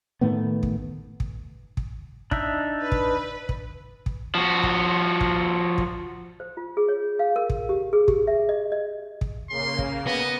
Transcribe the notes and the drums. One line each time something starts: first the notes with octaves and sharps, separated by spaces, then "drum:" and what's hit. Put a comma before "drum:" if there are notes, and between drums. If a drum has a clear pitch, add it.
A2 D#3 A3 B3
drum: kick
drum: kick
drum: kick
D4 D#4 E5, drum: kick
B4
drum: kick
drum: kick
drum: kick
F3 F#4
drum: kick
drum: kick
drum: kick
C5
F4
G#4
C#5
F5
A#4
drum: kick
G4
G#4
G4, drum: kick
E5
D#5
D#5
drum: kick
C#3 A#3 C6
drum: kick
B3 D#5